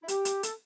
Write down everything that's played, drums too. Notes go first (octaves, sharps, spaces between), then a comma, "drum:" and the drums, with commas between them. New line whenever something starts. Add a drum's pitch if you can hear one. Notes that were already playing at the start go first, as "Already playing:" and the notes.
E4
G4, drum: hi-hat
drum: hi-hat
A4, drum: hi-hat